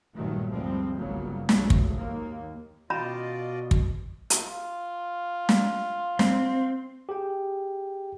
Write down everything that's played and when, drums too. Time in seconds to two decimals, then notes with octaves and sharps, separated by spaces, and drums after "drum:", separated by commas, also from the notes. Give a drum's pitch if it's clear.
0.14 A#1 G2 A#2 D#3 F#3 A3
0.51 D2 F3 G3 G#3 C4
0.98 G1 C2 G2 C#3 F#3 A#3
1.49 B1 G#2 F3 F#3 G#3 A3, drum: snare
1.70 drum: kick
1.96 D#2 A#3
2.90 B2 C#4 F4 D5 D#5 A#5 B5
3.71 drum: kick
4.30 drum: hi-hat
4.43 F4
5.49 drum: snare
6.19 C4, drum: snare
7.09 G4 G#4 G5